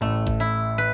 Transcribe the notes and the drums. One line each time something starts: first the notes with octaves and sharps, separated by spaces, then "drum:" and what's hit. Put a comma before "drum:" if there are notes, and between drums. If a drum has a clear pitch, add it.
A1 A2 A3
drum: kick G#1
E4
B4